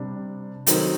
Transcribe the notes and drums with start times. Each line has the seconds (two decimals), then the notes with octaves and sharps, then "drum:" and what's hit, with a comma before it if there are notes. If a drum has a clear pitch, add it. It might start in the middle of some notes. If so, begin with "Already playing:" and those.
Already playing: C3 G3 D4
0.67 D#3 F#3 A3 C4 D#4, drum: hi-hat